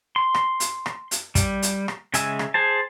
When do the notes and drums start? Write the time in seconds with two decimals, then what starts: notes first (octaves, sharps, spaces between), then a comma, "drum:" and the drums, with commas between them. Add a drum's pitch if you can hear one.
0.16 C6
0.34 drum: rim click
0.60 drum: hi-hat
0.86 drum: rim click
1.11 drum: hi-hat
1.35 G3, drum: kick, hi-hat
1.62 drum: hi-hat
1.88 drum: rim click
2.14 C#3 G#3 E5 G#5 E6, drum: hi-hat
2.39 drum: rim click
2.54 G#4 C5 A5